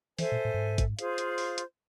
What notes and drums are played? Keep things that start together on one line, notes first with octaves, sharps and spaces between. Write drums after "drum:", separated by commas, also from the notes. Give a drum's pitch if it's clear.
E3 A4 C5 E5 G#5, drum: open hi-hat
A#2
A2
G2
G#2
drum: kick, hi-hat
F4 G#4 C5 F5, drum: hi-hat
drum: hi-hat
drum: open hi-hat
drum: hi-hat